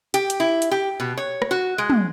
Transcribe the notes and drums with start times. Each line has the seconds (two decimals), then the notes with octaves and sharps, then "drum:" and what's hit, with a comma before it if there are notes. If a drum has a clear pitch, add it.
0.14 G4, drum: hi-hat
0.30 drum: hi-hat
0.40 E4
0.62 drum: hi-hat
0.71 G4
1.00 B2
1.17 C#5
1.42 drum: rim click
1.51 F#4
1.78 G#3
1.90 drum: tom